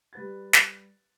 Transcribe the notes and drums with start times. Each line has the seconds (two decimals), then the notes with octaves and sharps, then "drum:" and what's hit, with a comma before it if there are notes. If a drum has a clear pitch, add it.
0.13 G3 B4 A6
0.53 drum: snare